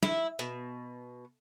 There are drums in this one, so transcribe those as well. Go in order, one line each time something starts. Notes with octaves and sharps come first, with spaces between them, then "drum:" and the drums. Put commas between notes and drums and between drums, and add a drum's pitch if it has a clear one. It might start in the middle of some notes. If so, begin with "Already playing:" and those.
E4, drum: snare
B2, drum: hi-hat